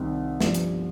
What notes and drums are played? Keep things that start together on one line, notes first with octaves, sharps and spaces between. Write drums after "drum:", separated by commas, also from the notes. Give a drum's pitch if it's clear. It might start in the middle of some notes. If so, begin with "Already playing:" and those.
Already playing: C2 C3 D#3 G3 C4
G1 G2 F3, drum: snare
drum: hi-hat